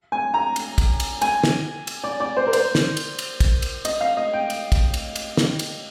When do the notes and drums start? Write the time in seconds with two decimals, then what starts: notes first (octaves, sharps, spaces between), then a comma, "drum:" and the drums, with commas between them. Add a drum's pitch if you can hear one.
0.12 G#5
0.34 A#5
0.56 drum: cymbal
0.78 drum: kick, cymbal
1.00 drum: cymbal
1.22 G#5, drum: cymbal
1.44 drum: snare
1.87 drum: cymbal
2.04 D5
2.20 D5
2.37 C5
2.47 A#4
2.53 C5, drum: cymbal
2.75 drum: snare
2.97 drum: cymbal
3.19 drum: cymbal
3.40 drum: kick, cymbal
3.62 drum: cymbal
3.85 D#5, drum: cymbal
4.01 F5
4.17 D#5
4.33 G5
4.50 drum: cymbal
4.72 drum: kick, cymbal
4.94 drum: cymbal
5.16 drum: cymbal
5.37 drum: snare
5.59 drum: cymbal